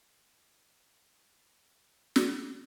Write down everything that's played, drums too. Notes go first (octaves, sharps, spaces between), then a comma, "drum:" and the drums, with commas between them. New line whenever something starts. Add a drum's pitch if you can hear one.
A#2 F3 G3 A#3
drum: snare